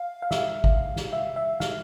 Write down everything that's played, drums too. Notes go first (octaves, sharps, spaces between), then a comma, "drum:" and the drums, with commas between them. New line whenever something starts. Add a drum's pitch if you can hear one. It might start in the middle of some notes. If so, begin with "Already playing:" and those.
Already playing: F5
F5
E5, drum: snare
F5
drum: kick G#1
drum: snare
E5
E5
F5, drum: snare